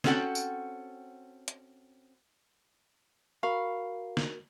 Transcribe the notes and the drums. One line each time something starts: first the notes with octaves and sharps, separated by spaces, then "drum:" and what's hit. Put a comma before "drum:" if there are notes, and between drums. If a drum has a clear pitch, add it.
C4 C#4 F#4 A4 F#5 G5, drum: snare
drum: tambourine
drum: hi-hat
F#4 A#4 F5 B5 C#6
drum: snare